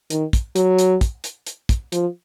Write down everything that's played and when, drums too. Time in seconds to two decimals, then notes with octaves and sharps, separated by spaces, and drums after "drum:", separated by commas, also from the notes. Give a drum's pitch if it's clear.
0.10 D#3, drum: hi-hat
0.33 drum: kick, hi-hat
0.56 F#3, drum: hi-hat
0.79 drum: hi-hat
1.01 drum: kick, hi-hat
1.24 drum: hi-hat
1.47 drum: hi-hat
1.69 drum: kick, hi-hat
1.92 F3, drum: hi-hat